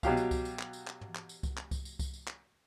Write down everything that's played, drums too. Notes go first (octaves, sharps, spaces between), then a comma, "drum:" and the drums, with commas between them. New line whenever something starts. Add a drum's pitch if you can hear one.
B2 F#3 G4 F5, drum: kick C2, tambourine
drum: tambourine
drum: kick C2, tambourine
drum: tambourine
drum: clap
drum: tambourine
drum: clap
drum: tom
drum: clap
drum: tambourine
drum: kick C2, tambourine
drum: clap
drum: kick C2, tambourine
drum: tambourine
drum: kick C2, tambourine
drum: tambourine
drum: clap